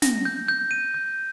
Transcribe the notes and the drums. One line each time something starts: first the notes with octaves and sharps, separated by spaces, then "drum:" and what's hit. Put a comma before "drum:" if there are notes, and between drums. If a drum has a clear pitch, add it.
A#6, drum: snare
G6
G6
D#7
G6